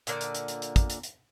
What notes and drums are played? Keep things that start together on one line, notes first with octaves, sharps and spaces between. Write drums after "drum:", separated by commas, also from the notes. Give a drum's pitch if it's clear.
A#2 D3 A#3 D5, drum: hi-hat
drum: hi-hat
drum: hi-hat
drum: hi-hat
drum: hi-hat
drum: kick, hi-hat
drum: hi-hat
drum: hi-hat